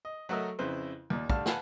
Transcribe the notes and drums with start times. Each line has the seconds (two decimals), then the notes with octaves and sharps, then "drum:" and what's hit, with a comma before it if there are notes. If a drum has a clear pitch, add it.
0.05 D#5
0.29 F#3 A3 F#4 A#4 D#5 E5
0.59 F2 C#3 E4 B4 C5
1.10 D#2 A#2
1.30 D3 G3 A3 F5 A5 F6, drum: kick
1.46 B4 F5 F#5 G#5 A5 B5, drum: snare